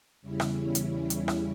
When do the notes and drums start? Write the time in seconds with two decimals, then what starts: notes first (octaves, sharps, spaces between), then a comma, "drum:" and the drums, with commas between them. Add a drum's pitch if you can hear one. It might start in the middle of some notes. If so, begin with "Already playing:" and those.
0.22 E2 C#3 G3 C#4 E4
0.40 drum: rim click
0.75 drum: hi-hat
1.10 drum: hi-hat
1.28 drum: rim click